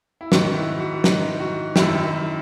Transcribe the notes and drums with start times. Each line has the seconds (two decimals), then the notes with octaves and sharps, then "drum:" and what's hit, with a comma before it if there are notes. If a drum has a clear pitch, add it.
0.21 E4
0.32 G#2 D#3 F#4, drum: snare
0.55 E4
0.80 F#4
1.04 D#4, drum: snare
1.40 F#4
1.76 F#2 D#3 E4, drum: snare